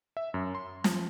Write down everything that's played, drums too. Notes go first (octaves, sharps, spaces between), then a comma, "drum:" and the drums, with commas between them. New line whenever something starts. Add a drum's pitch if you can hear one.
E5
F#2
C6
F3, drum: snare